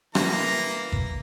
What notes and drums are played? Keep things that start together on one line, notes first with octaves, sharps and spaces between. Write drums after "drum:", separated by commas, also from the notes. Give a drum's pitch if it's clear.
E3 A#3 A#5, drum: rim click
drum: kick G#1